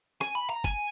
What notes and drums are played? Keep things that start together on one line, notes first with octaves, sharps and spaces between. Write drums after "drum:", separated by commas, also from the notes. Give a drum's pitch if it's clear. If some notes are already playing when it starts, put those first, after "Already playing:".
G#5, drum: rim click
B5
A#5
G#5, drum: kick, hi-hat